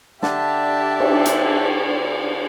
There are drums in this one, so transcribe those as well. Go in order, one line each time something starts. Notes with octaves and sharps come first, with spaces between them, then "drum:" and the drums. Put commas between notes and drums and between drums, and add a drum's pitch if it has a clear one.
D3 D4 G4 D5 E5 A5, drum: snare
drum: cymbal
drum: hi-hat